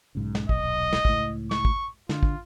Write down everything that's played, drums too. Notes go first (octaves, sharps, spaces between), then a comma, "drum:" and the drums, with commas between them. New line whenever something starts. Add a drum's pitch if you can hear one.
B1 G#2 C#3
drum: snare
D#1 B1 D#5, drum: kick
drum: snare
C#2 A2, drum: kick
C#6, drum: snare
drum: kick
D3 F4, drum: snare
drum: kick